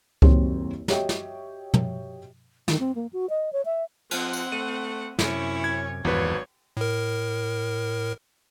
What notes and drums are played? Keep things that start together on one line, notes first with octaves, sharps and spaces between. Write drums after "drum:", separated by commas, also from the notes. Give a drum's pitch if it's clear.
F#1 D#2 C4 F#4 G4 C#5, drum: kick C#2
F#4 G4 C#5 D#5 E5 G5, drum: snare
drum: snare
drum: tom
D#3, drum: snare
C4
A#3
F#4
D#5
C#5
E5
F3 C4 F#5, drum: cymbal
drum: tambourine
A3 D#7
F#2 C3 C#4 E4 C#5, drum: snare
G#6
G#1 E2 G2 A#2 F#3 B4 C#5
A2 A#4